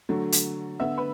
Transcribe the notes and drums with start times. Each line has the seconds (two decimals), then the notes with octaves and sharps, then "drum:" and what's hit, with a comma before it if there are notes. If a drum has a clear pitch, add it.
0.09 D3 F#3 A3
0.32 drum: hi-hat
0.80 D3 B3 E5 E6
0.98 B4 B5